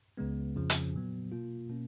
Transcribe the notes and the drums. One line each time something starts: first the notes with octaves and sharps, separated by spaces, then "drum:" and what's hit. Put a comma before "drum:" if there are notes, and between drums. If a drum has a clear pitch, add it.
C#2 C#3 G#3 B3
F2 C#3 F3
drum: hi-hat
A#2 F#3 B3
B2 A#3 F4
B2 A#3 C#4